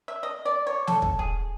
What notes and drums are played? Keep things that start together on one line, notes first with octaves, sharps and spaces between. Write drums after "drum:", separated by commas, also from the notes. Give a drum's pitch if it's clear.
E5
D#5
D5
C#5
A4, drum: snare
drum: kick
G#4